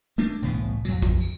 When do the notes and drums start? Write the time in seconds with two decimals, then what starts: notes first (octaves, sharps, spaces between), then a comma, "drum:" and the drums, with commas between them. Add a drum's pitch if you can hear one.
0.18 A3 A#3 D4
0.42 E1 C2 A2 B3
0.85 F2 F#3, drum: tambourine
1.02 drum: kick A#1
1.20 drum: tambourine